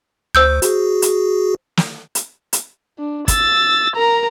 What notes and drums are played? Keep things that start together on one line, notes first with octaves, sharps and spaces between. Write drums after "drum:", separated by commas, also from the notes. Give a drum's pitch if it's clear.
D2 C5 E6 G6
F#4 G#4, drum: hi-hat
drum: hi-hat
drum: snare
drum: hi-hat
drum: hi-hat
D4
E6 A6, drum: kick, hi-hat
A#4 A#5